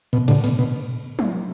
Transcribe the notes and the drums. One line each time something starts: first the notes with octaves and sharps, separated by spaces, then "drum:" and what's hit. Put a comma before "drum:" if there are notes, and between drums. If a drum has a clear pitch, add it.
B2
A2 D3, drum: cymbal
B2, drum: hi-hat
B2
drum: tom